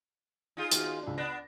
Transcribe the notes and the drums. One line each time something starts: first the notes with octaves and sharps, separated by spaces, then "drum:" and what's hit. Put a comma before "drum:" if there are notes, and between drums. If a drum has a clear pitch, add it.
D#4 F4 G#4
D#3 F#4, drum: hi-hat
C#2 D4
B3 D4 A#6